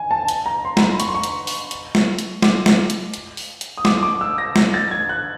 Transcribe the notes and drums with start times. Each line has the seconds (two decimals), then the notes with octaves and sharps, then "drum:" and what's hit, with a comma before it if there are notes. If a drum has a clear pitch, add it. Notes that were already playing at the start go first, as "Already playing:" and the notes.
Already playing: G#5
0.11 A5
0.28 drum: hi-hat
0.46 A#5
0.65 C6
0.77 A#5, drum: snare
0.82 B5
1.00 C#6, drum: hi-hat
1.08 C6
1.15 C#6
1.24 drum: hi-hat
1.47 drum: open hi-hat
1.71 drum: hi-hat
1.95 drum: snare
2.19 drum: hi-hat
2.42 D6, drum: snare
2.66 drum: snare
2.90 drum: hi-hat
3.14 drum: hi-hat
3.37 drum: open hi-hat
3.61 drum: hi-hat
3.77 D#6
3.85 D6, drum: snare
4.03 D6
4.21 E6
4.38 A#6
4.56 A#6, drum: snare
4.74 A6
4.91 G#6
5.09 F#6